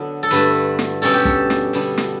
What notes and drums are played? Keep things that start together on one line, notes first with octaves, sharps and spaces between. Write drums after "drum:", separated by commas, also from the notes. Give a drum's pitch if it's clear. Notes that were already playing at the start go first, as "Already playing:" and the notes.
Already playing: D3 F#3 B3 D4
A4
G2 D3 A3 B4, drum: hi-hat
drum: snare
B2 G3 C#4 A4, drum: open hi-hat
G4
A4, drum: kick
drum: snare
D3 G3 B3 D4, drum: hi-hat
drum: snare